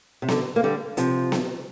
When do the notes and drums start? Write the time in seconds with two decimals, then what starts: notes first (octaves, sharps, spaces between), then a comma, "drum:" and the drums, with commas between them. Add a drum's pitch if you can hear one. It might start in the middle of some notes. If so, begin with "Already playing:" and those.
0.22 C3
0.28 D3, drum: snare B3
0.56 A#3
0.63 D3 G3
0.97 C3 F3, drum: hi-hat
1.32 drum: snare B3